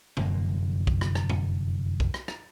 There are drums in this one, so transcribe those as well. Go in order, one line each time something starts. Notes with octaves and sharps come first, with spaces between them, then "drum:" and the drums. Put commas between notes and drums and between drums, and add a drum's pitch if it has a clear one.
F1 F#2 D3 A#3, drum: tom A2
drum: kick B1
drum: rim click
drum: rim click
drum: tom A2
drum: kick B1
drum: rim click
drum: rim click